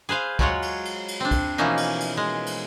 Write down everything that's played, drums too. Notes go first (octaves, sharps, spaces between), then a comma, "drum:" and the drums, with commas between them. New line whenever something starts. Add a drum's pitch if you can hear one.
G#4 B4 C5 F5
F#3 G#3 F4 C#5 F#5, drum: kick
drum: cymbal
drum: cymbal
drum: cymbal
C4 D4
drum: kick, cymbal
B2 E3 F3 A#3 C#4 D#4
drum: cymbal
drum: cymbal
G#3
drum: cymbal